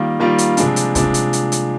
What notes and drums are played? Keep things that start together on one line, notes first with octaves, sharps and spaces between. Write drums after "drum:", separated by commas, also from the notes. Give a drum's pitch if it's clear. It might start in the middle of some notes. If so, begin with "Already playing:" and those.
Already playing: D#3 G3 A#3 F4
D#3 G3 A#3 F4
drum: hi-hat
C3 F3 G#3 D4, drum: hi-hat
drum: hi-hat
C3 F3 G#3 D4, drum: kick, hi-hat
drum: hi-hat
drum: hi-hat
drum: hi-hat